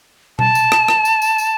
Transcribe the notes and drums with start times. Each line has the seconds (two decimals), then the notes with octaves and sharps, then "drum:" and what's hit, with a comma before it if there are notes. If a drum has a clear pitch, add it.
0.39 A5, drum: tom B2
0.55 drum: tambourine
0.72 drum: rim click
0.88 drum: rim click
1.05 drum: tambourine
1.22 drum: tambourine
1.38 drum: tambourine